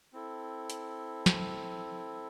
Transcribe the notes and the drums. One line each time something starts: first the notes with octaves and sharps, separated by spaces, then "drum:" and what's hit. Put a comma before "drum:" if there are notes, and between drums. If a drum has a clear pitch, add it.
C4 E4 A4
drum: hi-hat
drum: snare